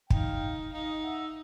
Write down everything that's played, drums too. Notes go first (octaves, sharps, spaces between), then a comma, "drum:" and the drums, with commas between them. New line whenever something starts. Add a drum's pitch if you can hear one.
D#4 F5 G5, drum: kick
D#4 D#5 F5
E5 F#5